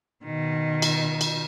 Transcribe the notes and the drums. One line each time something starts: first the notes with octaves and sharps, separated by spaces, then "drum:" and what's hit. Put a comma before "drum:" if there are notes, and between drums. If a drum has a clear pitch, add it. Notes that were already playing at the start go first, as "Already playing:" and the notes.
B2 D#3
drum: cymbal
drum: cymbal